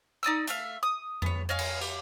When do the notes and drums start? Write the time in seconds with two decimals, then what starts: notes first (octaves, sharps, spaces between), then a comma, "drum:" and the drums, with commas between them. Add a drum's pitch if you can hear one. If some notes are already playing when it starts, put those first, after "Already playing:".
0.23 D#4 D5 D#6 E6
0.47 A3 E5 F5, drum: hi-hat
0.83 D#6
1.22 B3 C#5, drum: tom F2
1.49 C#5 D#5 F5 G#5
1.59 drum: cymbal
1.81 G4, drum: tambourine